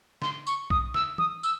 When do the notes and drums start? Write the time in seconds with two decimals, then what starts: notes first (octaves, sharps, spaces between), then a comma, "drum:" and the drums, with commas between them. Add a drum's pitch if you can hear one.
0.22 C6, drum: snare
0.47 C#6, drum: tambourine
0.70 D#6, drum: kick B1
0.94 E6, drum: snare
1.18 D#6, drum: tom
1.43 E6, drum: tambourine